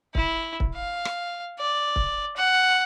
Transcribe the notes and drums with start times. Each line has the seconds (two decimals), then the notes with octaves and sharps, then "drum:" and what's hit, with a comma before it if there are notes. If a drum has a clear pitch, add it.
0.15 E4, drum: kick
0.60 drum: kick
0.75 F5
1.05 drum: rim click
1.59 D5
1.96 drum: kick
2.36 F#5